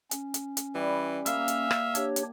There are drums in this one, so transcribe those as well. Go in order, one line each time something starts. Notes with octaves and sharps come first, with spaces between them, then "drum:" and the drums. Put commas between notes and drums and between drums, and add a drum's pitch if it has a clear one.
C#4, drum: hi-hat
drum: hi-hat
drum: hi-hat
E3 G3
A#3 E5 F5, drum: hi-hat
drum: hi-hat
drum: rim click
D4 G4 C#5, drum: hi-hat
drum: hi-hat